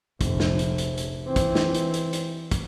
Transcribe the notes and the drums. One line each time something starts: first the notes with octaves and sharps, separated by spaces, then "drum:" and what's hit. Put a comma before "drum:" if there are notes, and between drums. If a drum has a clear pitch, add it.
F1 A#1, drum: kick, hi-hat
drum: snare
drum: hi-hat
drum: hi-hat
drum: hi-hat
E3 C4
drum: kick, hi-hat
drum: snare
drum: hi-hat
drum: hi-hat
drum: hi-hat
drum: kick, hi-hat